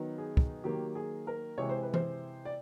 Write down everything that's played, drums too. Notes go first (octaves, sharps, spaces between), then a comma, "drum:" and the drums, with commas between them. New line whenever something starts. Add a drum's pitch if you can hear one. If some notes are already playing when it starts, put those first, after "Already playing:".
Already playing: D#3 F#3 B3 D#4
G#4
drum: kick
D#3 F#3 A#3 G4
G#4
A#4
C3 E3 G#3 C#5
C5
B4
C5, drum: tom E3
D5